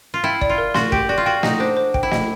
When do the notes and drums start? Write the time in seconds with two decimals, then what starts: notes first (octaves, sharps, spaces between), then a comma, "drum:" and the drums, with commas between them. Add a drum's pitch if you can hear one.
0.14 F4
0.24 E4 G5
0.41 D5, drum: kick
0.50 F4
0.58 A#4
0.74 F#4 C6, drum: snare
0.92 G4 G5, drum: kick
1.09 F#4 D5
1.18 F4
1.26 F#4 G5
1.43 D#4 D#5, drum: snare
1.60 D4 C5
1.77 C5
1.94 G5, drum: kick
2.03 E4
2.11 D#5, drum: snare